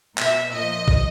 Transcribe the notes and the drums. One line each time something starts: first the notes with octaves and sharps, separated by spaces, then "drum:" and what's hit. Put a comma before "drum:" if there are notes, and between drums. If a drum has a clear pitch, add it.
B2 E5, drum: clap
A#2 F3 D#5
drum: kick